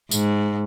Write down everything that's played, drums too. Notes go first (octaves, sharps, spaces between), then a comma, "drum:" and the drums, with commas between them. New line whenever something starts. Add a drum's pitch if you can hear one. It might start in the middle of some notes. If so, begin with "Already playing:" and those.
G#2, drum: tambourine